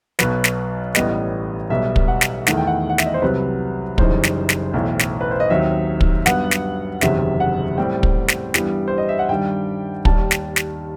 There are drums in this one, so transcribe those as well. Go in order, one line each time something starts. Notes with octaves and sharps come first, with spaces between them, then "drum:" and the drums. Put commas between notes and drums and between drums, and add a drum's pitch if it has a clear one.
B1 B2 F#3 B4, drum: snare
drum: snare
A1 A2 G3 B3 D#5, drum: snare
B1 B2 G3 B3 E5
drum: kick
F#5
drum: snare
E2 D#3 A3 E4 F#5, drum: snare
G5
F#5
F#5
E5, drum: snare
D#5
C5
C2 C3 F#3 B4
F#1 F#2 E3 G3 D#4 C5, drum: kick
drum: snare
drum: snare
B1 A2 E3
drum: snare
B4
C5
D#5
D#2 D#3 F#3 C4 D#4 E5
drum: kick
G2 F#3 B3 F#5, drum: snare
drum: snare
F#1 E2 C3 D#3 F#3 E5, drum: snare
F#5
A2 G3 C4 G5
drum: kick
drum: snare
G2 E3 G3 B3, drum: snare
C5
D#5
E5
F#5
G2 D#3 G3 G5
D#2 D#3 G3 D#4 A5, drum: kick
drum: snare
drum: snare